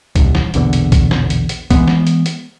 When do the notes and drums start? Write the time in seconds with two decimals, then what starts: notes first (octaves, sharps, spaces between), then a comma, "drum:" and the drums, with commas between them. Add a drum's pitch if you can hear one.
0.16 D#1 C2, drum: kick B1, hi-hat
0.35 drum: snare
0.54 A#1 E2 B2 D3, drum: hi-hat
0.73 drum: hi-hat
0.92 drum: kick B1, hi-hat
1.11 drum: snare
1.30 drum: hi-hat
1.49 drum: hi-hat
1.71 E3 G#3 B3, drum: kick B1, hi-hat
1.88 drum: snare
2.07 drum: hi-hat
2.26 drum: hi-hat